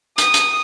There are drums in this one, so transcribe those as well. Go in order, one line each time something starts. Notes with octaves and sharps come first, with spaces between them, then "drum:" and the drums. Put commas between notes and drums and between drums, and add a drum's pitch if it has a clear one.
D#6, drum: hi-hat
drum: hi-hat